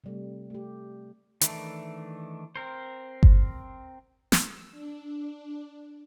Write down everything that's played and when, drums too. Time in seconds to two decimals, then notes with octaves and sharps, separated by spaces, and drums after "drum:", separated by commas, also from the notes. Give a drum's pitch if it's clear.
0.04 C3 G3 A3
0.50 A3 G4
1.41 D#3 E3 A3 D4, drum: hi-hat
2.56 C4 A#4 C5
3.23 drum: kick G1
4.32 E6, drum: snare
4.71 D4